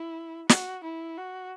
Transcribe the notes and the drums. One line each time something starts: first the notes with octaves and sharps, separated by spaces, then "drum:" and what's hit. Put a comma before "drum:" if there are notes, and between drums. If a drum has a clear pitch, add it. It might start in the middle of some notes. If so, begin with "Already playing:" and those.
Already playing: E4
F#4, drum: snare
E4
F#4